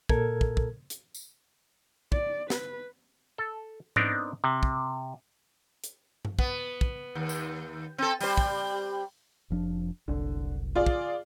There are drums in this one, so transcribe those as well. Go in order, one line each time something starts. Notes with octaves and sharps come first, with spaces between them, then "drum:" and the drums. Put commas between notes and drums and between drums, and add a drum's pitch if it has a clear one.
A#2 A4 A#4 G#6, drum: kick
drum: kick
drum: kick
drum: hi-hat
drum: tambourine
D5, drum: kick
B4, drum: snare
A4
B3 C4 D4 D#4 A#4, drum: tom G#2
C3
drum: kick
drum: hi-hat
drum: tom G2
B3, drum: kick
drum: kick
D#2
drum: tambourine
C4 A4
G3 C5, drum: open hi-hat
drum: kick
F1 F3 D4
F#1 C2 D3
F4 G#4 D5
drum: kick